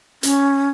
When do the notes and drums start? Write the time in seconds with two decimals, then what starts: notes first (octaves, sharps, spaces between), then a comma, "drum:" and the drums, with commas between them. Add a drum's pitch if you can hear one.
0.23 C#4, drum: hi-hat